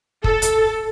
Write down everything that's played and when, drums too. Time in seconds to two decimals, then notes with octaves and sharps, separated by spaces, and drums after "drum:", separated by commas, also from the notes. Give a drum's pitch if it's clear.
0.24 A4, drum: kick
0.42 drum: hi-hat